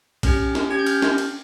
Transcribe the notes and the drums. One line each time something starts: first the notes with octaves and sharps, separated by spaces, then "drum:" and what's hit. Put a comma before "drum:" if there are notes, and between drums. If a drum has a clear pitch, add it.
C#4 G4 F6, drum: kick B1, cymbal
drum: snare
C#4 G4 G#6
G6
F6, drum: cymbal
drum: snare
drum: cymbal